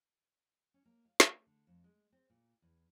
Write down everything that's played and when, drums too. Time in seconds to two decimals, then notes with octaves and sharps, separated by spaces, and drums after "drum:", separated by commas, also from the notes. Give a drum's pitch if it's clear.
0.74 C#4
0.85 A#3
1.05 F5
1.20 A3, drum: snare
1.47 D3
1.67 F2
1.84 G#3
2.12 C4
2.30 A#2
2.62 E2